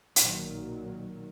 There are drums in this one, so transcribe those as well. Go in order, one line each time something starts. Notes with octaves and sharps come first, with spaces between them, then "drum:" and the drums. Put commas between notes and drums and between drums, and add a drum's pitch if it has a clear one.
B1 A#2 D#3 F#3, drum: hi-hat